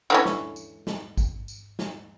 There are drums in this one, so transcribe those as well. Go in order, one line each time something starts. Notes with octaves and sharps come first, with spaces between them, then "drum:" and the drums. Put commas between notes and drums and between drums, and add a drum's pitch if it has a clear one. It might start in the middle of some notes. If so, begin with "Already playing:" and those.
D3 E3 C#4
drum: snare
drum: tambourine
drum: snare
drum: kick G#1, tambourine
drum: tambourine
drum: snare